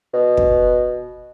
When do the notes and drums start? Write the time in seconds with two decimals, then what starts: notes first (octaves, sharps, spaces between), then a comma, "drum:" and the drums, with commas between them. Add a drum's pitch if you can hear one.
0.14 B2
0.37 drum: kick